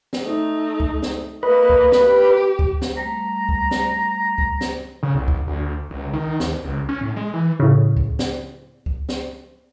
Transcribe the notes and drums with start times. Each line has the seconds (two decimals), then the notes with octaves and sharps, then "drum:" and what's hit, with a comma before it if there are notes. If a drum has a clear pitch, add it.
0.13 drum: snare
0.22 A3 D#4
0.80 drum: kick C#2
1.02 drum: snare
1.43 A#3 B4 D#5
1.70 drum: kick C#2
1.92 drum: snare
2.03 G4
2.59 drum: kick C#2
2.82 drum: snare
2.97 G3 A3 A#5
3.49 drum: kick C#2
3.71 drum: snare
4.38 drum: kick C#2
4.61 drum: snare
5.03 C#3
5.15 C2
5.28 drum: kick C#2
5.47 D2
5.90 C#2
6.13 D#3
6.40 D#2, drum: snare
6.64 C#2
6.89 C#4
7.01 A2
7.16 G#3
7.33 E3
7.60 A2 C#3
7.97 drum: kick C#2
8.19 drum: snare
8.86 drum: kick C#2
9.09 drum: snare